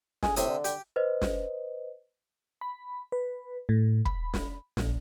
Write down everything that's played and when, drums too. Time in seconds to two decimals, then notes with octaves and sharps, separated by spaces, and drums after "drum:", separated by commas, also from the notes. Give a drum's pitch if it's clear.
0.23 G#4, drum: snare
0.37 A2 C3 D#6, drum: hi-hat
0.49 D3
0.64 G4, drum: hi-hat
0.96 B4 C5 D#5
1.22 drum: snare
2.61 B5
3.12 B4
3.69 A2
4.05 B5, drum: kick
4.34 drum: snare
4.77 A#1, drum: snare